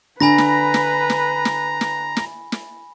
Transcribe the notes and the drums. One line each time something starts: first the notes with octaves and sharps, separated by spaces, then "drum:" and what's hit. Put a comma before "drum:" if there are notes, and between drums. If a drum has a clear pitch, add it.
D3 B4 G#5 A#5 B5 A#6
drum: snare
drum: snare
drum: snare
drum: snare
drum: snare
drum: snare
drum: snare